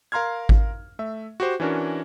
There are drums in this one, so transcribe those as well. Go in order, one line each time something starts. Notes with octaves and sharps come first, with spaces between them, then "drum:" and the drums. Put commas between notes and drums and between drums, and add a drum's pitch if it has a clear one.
A#4 F5 A#5 C6 F6 G#6
drum: kick G#1
A3 E5
F#4 G4 C5
E3 C#4 D4 F#4 A#4